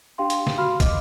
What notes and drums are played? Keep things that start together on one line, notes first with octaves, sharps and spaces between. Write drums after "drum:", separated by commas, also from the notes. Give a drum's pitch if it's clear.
D4 G4 F5 G5 C6
drum: hi-hat
drum: snare
F#4 F5 B5 C6 F6
D#5 D6, drum: kick, hi-hat